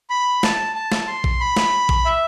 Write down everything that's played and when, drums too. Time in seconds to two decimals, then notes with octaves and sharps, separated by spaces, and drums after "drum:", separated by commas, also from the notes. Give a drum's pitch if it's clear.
0.10 B5
0.43 A5, drum: snare
0.75 A5
0.92 drum: snare
1.08 C6
1.24 drum: kick A#1
1.40 B5
1.57 drum: snare
1.89 drum: kick A#1
2.05 E5